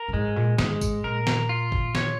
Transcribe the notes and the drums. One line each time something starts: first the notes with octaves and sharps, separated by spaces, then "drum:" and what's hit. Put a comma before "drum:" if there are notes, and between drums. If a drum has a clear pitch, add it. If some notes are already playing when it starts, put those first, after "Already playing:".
Already playing: A#4
A#2
G#2 G#3
A#2
G#2 G#3, drum: snare
drum: kick, tambourine
A#2 A#4
drum: snare
F4
drum: kick
C#5, drum: snare